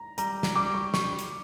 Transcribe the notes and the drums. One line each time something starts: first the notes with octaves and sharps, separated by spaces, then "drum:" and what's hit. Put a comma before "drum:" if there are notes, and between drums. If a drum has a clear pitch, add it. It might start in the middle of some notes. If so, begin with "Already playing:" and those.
Already playing: A#5
G3 A#5, drum: hi-hat
drum: snare
G3 D6
C#6
G3 C#6, drum: snare
drum: hi-hat